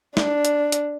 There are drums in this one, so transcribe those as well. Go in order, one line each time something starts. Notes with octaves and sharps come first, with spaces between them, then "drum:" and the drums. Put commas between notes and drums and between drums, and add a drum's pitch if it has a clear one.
D4, drum: snare
drum: hi-hat
drum: hi-hat